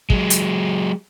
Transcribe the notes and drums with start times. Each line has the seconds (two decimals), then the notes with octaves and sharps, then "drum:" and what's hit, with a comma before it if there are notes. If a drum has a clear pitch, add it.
0.10 F#3 G#3, drum: kick
0.30 drum: hi-hat